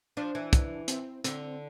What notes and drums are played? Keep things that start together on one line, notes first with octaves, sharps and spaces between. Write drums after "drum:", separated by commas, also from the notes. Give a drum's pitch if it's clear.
F3 D4
E3
drum: kick, hi-hat
C4, drum: hi-hat
D3 C4, drum: hi-hat